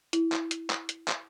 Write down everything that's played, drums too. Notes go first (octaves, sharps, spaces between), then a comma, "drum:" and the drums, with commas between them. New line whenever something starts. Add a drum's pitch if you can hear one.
E4, drum: hi-hat
drum: clap
drum: hi-hat
drum: clap
drum: hi-hat
drum: clap